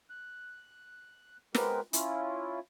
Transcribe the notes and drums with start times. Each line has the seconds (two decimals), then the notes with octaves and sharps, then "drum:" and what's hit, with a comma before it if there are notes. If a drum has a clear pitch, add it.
0.10 F#6
1.55 G#3 B3 C4 G4 A#4 B4, drum: snare
1.93 C#4 E4 F4, drum: hi-hat